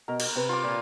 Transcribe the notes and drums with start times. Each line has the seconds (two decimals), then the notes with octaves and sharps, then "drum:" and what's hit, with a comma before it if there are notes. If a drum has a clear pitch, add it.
0.08 B2 A#4
0.20 drum: cymbal
0.35 C3 B4
0.49 F4 D6
0.63 A#2